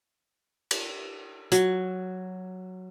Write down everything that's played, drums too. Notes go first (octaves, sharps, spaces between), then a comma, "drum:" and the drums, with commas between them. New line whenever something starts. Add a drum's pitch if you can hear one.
drum: cymbal
F#3, drum: hi-hat